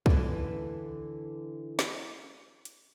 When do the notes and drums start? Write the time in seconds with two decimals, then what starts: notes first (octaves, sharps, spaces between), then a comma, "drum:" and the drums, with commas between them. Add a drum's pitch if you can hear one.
0.06 D3 E3, drum: kick
1.79 drum: snare
2.65 drum: hi-hat